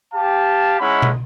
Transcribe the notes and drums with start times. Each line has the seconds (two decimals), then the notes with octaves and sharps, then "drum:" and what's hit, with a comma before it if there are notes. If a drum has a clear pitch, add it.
0.14 G4 F5 A5
0.80 G#3 C#4 D#4 E4 F#5 B5
1.02 drum: tom B2